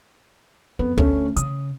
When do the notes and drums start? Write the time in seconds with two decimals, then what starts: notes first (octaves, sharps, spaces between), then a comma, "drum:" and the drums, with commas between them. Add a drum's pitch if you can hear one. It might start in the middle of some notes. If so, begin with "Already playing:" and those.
0.79 F2 B3
0.98 D2 A3 C#4, drum: kick
1.36 C#3 D#6, drum: hi-hat